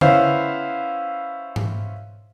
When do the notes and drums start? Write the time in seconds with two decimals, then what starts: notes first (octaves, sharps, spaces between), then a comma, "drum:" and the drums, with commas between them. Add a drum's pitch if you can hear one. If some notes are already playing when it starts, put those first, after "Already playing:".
0.01 B3 C#4 E4 C5 F5, drum: tom C#3
1.56 drum: tom G#2